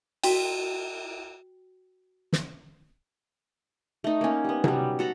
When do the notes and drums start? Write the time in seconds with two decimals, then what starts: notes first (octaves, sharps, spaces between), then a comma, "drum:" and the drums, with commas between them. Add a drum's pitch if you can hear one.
0.23 F#4 G5, drum: cymbal
2.33 drum: snare
4.04 A3 D#4
4.21 A#3 C#4
4.44 G3 B3
4.64 F#3 G3, drum: tom C3
4.99 F#4 A4 A#5 B5